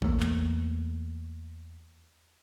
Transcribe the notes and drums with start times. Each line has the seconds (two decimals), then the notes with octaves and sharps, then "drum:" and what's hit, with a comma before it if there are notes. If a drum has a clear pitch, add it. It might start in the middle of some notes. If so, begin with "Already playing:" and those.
0.02 E2 A3 A#3, drum: kick
0.20 drum: clap